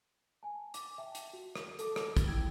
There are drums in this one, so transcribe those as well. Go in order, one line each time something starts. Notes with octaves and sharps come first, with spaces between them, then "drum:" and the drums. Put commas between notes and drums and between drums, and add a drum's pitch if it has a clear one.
G#5 A5
D6, drum: hi-hat
E5 G5 A5
drum: hi-hat
F#4
drum: rim click
A4 A5 D6, drum: hi-hat
drum: rim click
drum: kick, hi-hat
E4 G5 E6 G#6